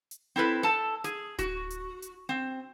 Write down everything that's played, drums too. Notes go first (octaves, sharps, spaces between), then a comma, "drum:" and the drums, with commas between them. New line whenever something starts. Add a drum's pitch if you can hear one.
drum: hi-hat
C4 E4 A4 B4
A4 A5
G#4, drum: hi-hat
F#4, drum: kick D1, hi-hat
drum: hi-hat
drum: hi-hat
C4